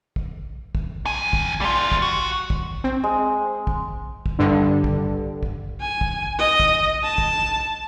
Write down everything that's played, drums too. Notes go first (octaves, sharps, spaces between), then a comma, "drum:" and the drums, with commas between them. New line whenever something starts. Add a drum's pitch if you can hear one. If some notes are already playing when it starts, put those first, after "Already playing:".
drum: kick
drum: kick
F2 G#5
drum: kick
G3 F4
drum: kick
F#4
drum: kick
C4
G#3
drum: kick
drum: kick
G2 D3
drum: kick
drum: kick
G#5
drum: kick
D#5
drum: kick
A5
drum: kick